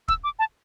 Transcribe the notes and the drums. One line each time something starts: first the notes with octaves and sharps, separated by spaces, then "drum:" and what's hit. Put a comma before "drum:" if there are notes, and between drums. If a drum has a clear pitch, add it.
E6, drum: kick
D6
A5